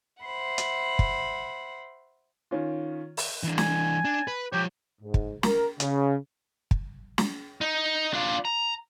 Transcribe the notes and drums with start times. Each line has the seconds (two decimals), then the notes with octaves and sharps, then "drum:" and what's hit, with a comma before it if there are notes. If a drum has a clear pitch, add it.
0.21 C5 E5 F#5 B5
0.58 drum: hi-hat
0.99 drum: kick
2.51 D#3 C#4 F4
3.17 drum: open hi-hat
3.44 E3 D4
3.58 G#5, drum: snare
4.05 D4
4.28 B4
4.53 F3 G4 C#5
5.01 G#2
5.14 drum: kick
5.43 A#4, drum: snare
5.80 C#3, drum: hi-hat
6.71 drum: kick
7.18 drum: snare
7.61 D#4
8.13 D4 F4
8.45 A#5